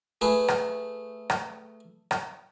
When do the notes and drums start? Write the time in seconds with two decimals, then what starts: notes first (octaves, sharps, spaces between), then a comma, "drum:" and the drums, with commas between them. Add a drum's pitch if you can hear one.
0.21 A3 G#4 B4
0.48 drum: rim click
1.30 drum: rim click
2.11 drum: rim click